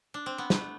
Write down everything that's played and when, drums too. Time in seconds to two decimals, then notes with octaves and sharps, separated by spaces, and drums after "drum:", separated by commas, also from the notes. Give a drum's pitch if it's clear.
0.14 D4
0.26 C4
0.38 B3
0.50 A3, drum: snare